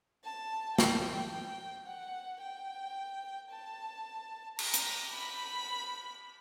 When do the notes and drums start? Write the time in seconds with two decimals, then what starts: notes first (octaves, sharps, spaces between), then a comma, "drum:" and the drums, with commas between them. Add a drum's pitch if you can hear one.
0.25 A5
0.79 G5, drum: snare
1.87 F#5
2.42 G5
3.50 A5
4.59 A#5, drum: cymbal
4.74 drum: hi-hat
5.12 B5